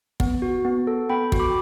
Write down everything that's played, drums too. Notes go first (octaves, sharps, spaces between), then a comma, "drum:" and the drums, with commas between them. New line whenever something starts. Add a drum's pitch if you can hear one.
B3, drum: kick
F#4
B3
A4
B3 G5 B5
F#4, drum: kick
B5 D6